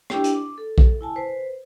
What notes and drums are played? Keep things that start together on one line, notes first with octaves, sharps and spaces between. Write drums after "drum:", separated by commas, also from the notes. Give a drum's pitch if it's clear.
D4 E4 G4 G5, drum: rim click
drum: hi-hat
D6
A4
drum: kick A#1
E4 G#5 A5
B4 C5